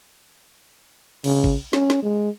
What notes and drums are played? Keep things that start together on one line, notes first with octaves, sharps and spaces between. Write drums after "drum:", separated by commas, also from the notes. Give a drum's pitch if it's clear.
C#3, drum: cymbal
drum: kick
C#4, drum: snare
drum: snare
G#3